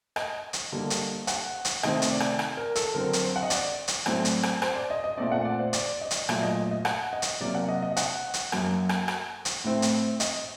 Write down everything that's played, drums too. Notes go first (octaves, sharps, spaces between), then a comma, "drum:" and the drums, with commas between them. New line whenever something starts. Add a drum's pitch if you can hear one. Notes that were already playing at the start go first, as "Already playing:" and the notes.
D#5, drum: rim click
drum: hi-hat
D3 G3 A#3
drum: hi-hat
F#5, drum: hi-hat
drum: hi-hat
C3 D#3 A3 C4 D#5, drum: rim click
drum: hi-hat
D5
drum: rim click
drum: rim click
A#4
A4, drum: hi-hat
D3 F#3 C4 A#4
drum: hi-hat
C5
F#5
D#5
D5, drum: hi-hat
drum: hi-hat
A2 F#3 A3 C4, drum: rim click
drum: hi-hat
drum: rim click
C5, drum: rim click
D5
D#5
D#5
A#2 A3 C4 D5
F#5
D5
C5
D5, drum: hi-hat
D#5
drum: hi-hat
A#2 F#3 A3 D5, drum: rim click
D#5
D#5
D#5
F#5, drum: rim click
D#5
drum: hi-hat
C3 F#3 A#3 D5
F#5
D#5
D#5
F#5, drum: hi-hat
drum: hi-hat
F#2 F#3 A#3, drum: rim click
drum: rim click
drum: rim click
drum: hi-hat
A2 A3 C4
drum: hi-hat
D#5, drum: hi-hat